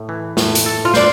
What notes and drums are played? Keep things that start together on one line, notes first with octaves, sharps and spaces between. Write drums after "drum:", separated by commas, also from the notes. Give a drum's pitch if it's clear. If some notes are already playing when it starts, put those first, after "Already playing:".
Already playing: A2
E3
A2, drum: snare
drum: hi-hat
A4
F4
D4 C5, drum: snare